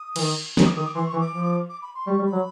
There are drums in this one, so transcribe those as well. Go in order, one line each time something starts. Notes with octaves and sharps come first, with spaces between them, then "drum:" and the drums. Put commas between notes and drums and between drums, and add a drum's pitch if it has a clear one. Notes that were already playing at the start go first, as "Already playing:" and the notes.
Already playing: D#6
E3, drum: cymbal
D#3
D#3 D#6, drum: snare
D6
D#3 D#6
D6
E3 C6
C#6
E3
D6
F3
D6
B5
C6
G3 C#6
G3
B5
F#3